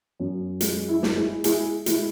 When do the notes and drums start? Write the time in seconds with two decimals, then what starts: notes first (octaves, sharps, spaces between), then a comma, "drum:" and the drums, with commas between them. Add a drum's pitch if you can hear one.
0.20 F#2
0.61 G#3, drum: hi-hat
0.88 E4
1.03 G#3, drum: snare
1.17 E4 G#4
1.44 G#3 E4 G#4, drum: hi-hat
1.86 G#3 E4, drum: hi-hat